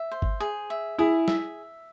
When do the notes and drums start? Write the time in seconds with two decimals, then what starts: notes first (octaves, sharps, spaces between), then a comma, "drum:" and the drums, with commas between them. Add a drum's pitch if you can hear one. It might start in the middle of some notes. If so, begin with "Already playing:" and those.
Already playing: E5
0.11 C5
0.22 drum: kick G1
0.40 G#4
0.70 E5
0.98 E4 G#4
1.28 E5, drum: snare G3